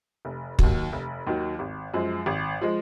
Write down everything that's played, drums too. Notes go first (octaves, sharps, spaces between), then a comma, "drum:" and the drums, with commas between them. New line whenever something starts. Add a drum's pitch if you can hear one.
F1
D#2 D#3 F#3, drum: kick
F1
D#2 D#3 F#3
G#1
F#2 F3 G#3
G#1
F3 G#3